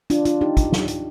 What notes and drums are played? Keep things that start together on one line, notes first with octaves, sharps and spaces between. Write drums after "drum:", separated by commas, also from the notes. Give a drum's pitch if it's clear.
D4 F4, drum: hi-hat
D4 F4, drum: hi-hat
D#4 G4
drum: kick, hi-hat
drum: snare
drum: hi-hat